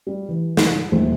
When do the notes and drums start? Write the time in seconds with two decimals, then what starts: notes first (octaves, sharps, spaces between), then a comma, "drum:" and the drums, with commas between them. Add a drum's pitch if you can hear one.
0.07 G3
0.29 E3
0.57 drum: snare
0.92 D#1